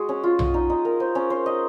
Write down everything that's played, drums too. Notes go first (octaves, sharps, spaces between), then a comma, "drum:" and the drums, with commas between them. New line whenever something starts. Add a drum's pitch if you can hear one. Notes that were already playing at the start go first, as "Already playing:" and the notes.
Already playing: G#3 F#4 G#4
C#4
F4
D#5, drum: tom B1
D#4
D#4
A#4
C5
C#4
C5
D#5